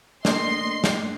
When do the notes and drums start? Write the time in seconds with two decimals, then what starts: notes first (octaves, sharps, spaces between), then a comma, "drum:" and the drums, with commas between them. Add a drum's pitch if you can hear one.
0.25 A3 A#3 D4 D#5 C6, drum: snare
0.84 drum: snare